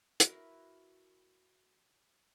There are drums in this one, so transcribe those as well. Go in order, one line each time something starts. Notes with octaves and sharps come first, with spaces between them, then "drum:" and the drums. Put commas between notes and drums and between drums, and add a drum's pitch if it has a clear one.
E4 F#4 A#4 B4, drum: hi-hat